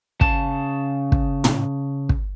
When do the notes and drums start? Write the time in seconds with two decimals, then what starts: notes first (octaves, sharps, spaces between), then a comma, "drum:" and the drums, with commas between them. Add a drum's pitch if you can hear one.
0.21 C#3 A5, drum: kick
1.12 drum: kick
1.44 drum: tom
2.09 drum: kick